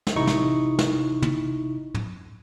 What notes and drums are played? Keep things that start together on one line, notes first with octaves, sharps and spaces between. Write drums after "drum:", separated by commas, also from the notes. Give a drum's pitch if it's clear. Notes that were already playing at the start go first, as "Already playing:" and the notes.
drum: snare
A1 C3 D#4 E4 C#6
drum: snare
drum: snare
drum: tom
drum: tom